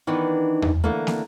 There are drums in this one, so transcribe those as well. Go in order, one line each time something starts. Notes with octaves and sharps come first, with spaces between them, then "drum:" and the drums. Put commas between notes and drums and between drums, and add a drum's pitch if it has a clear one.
D#3 E3 B3 D4 D#4
drum: tom E2
D3 E3 A3 A#3
drum: snare